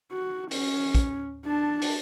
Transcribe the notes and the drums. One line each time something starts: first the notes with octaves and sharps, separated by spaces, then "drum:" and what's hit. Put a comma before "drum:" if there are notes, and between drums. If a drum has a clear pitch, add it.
F#4
C#4, drum: open hi-hat
drum: kick, hi-hat
D4 A5
drum: open hi-hat